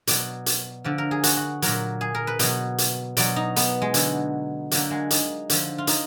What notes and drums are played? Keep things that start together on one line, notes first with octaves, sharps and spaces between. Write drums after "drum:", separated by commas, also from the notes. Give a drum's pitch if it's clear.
B2 F#3 D5, drum: hi-hat
drum: hi-hat
D3 F3 D5
A#4
G#4
F#4, drum: hi-hat
F#4
A#2 F#3 A#4, drum: hi-hat
G#4
A#4
B4
B2 F#3, drum: hi-hat
drum: hi-hat
B2 F#3 D5, drum: hi-hat
D#4
B3, drum: hi-hat
G#3
D3 F#3, drum: hi-hat
D3 F#3 A#3, drum: hi-hat
G#3
D#4, drum: hi-hat
D3 F3, drum: hi-hat
F4
D#4, drum: hi-hat